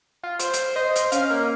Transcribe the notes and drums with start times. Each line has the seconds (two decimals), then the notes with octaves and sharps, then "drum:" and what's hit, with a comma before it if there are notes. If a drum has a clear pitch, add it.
0.23 F4
0.39 C5, drum: hi-hat
0.53 drum: hi-hat
0.76 C5 D#5
0.96 drum: hi-hat
1.12 C#4 F5, drum: hi-hat
1.30 A#3